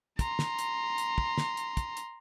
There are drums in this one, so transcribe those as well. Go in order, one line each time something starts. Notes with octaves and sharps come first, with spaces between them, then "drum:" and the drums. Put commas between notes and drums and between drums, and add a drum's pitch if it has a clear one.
A#5 C6, drum: kick, hi-hat
drum: snare
drum: hi-hat
drum: hi-hat
drum: kick
drum: snare
drum: hi-hat
drum: kick, hi-hat
drum: hi-hat